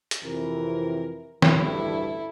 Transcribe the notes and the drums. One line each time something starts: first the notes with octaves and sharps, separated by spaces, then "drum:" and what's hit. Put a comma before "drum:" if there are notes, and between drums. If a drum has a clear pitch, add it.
drum: hi-hat
F2 C3 E3 A#4
A1 D2 G2 E4 A4, drum: snare